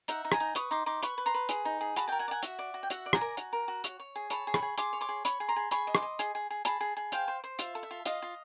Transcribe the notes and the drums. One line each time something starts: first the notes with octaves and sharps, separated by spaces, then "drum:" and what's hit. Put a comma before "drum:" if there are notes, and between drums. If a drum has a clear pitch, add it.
D#4 E5 F#5, drum: hi-hat
D#4
G#5 A#5, drum: rim click
D#4
B4 C#6 D#6, drum: hi-hat
D#4 C6 D6
D#4 C6 D6
B4 B5 C#6, drum: hi-hat
B4
A#5 C6
B4
G#4, drum: hi-hat
D#4
G#4
F#4 A5 B5, drum: hi-hat
A#4 G5 A5
F#5 G#5
D5
F#5 G#5
F#4 E5 F#5, drum: hi-hat
D5
F#4
G5
F#4 E5 F#5, drum: hi-hat
D5
G#5 A#5, drum: rim click
A#4
F#4, drum: hi-hat
A#4
F#4
C#5, drum: hi-hat
C#5
G#4
C#5 A5 B5, drum: hi-hat
G#4
B5 C#6, drum: rim click
G#4
G#4 C6 D6, drum: hi-hat
C#5
C6 D6
G#4
C#5 B5 C#6, drum: hi-hat
G#4
A#5 C6
G#4
G#4 B5 C#6, drum: hi-hat
D#5
C6 D6, drum: rim click
D#5
G#4, drum: hi-hat
G#4
G#4
G#4 A5 B5, drum: hi-hat
G#4
G#4
C5 F5 G5, drum: hi-hat
C5
C5
F4 E5, drum: hi-hat
A4
E5
F4
F4 D#5 F5, drum: hi-hat
F4